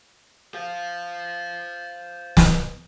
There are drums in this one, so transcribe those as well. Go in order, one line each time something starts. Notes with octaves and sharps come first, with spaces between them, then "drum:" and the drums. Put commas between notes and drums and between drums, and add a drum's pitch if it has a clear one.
C5 F5
drum: snare